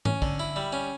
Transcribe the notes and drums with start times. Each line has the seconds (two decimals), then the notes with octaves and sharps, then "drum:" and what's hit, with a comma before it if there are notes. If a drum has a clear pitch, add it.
0.05 C#4, drum: tom G#2
0.22 D3, drum: kick
0.40 E4
0.56 G3
0.73 C#4